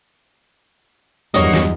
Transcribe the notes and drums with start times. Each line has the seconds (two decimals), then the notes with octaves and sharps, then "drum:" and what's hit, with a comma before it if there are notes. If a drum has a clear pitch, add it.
1.34 E2 G2 F#3 A#3 F#4 C#5 D#5, drum: tambourine
1.53 drum: snare